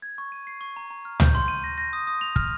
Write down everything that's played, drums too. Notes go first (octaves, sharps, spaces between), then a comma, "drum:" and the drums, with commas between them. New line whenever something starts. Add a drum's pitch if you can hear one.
G#6
C#6
D#7
C7
C#6
A#5
A#5
F6
G6, drum: tom C#2
C6
D#7
A#6
A#6
D#6
D#6
F7
F6, drum: kick